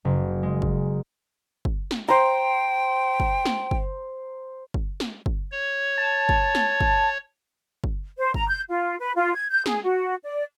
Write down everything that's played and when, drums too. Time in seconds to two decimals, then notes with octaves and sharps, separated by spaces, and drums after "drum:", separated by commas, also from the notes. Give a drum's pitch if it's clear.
0.05 F#1
0.43 G#3
0.62 drum: kick
1.65 drum: kick
1.91 drum: snare
2.08 C5 G5 A#5
3.20 drum: kick
3.45 drum: snare
3.71 drum: kick
4.74 drum: kick
5.00 drum: snare
5.26 drum: kick
5.52 C#5
5.98 A5
6.29 drum: kick
6.55 drum: snare
6.81 drum: kick
7.84 drum: kick
8.18 C5
8.34 A#5, drum: kick
8.48 G6
8.69 F4
9.00 B4
9.16 F4
9.35 G#6
9.51 G6
9.66 G#4, drum: snare
9.83 F#4
10.24 D5